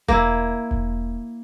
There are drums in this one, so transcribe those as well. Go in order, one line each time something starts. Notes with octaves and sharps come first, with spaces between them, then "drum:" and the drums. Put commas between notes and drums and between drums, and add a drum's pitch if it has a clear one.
A#3 E4, drum: kick E1
drum: kick E1